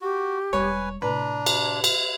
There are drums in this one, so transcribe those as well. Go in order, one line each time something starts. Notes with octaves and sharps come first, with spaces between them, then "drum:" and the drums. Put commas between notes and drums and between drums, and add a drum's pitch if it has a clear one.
F#4 G4
E1 G3 B4 C#5 G#5
A2 C3 D4 B4 A#5
drum: cymbal
drum: cymbal